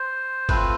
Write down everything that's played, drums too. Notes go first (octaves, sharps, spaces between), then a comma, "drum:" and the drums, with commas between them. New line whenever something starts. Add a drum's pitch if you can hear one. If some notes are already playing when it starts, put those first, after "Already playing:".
Already playing: C5
A3 C4 F4 B4, drum: kick, cymbal